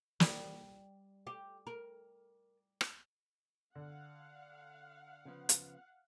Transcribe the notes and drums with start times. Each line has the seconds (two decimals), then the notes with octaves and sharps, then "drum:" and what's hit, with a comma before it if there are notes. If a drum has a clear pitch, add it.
0.20 G3, drum: snare
1.27 G4
1.67 A#4
2.81 drum: rim click
3.75 D3 F5 F#5
5.25 C#3 F3 B3
5.49 drum: hi-hat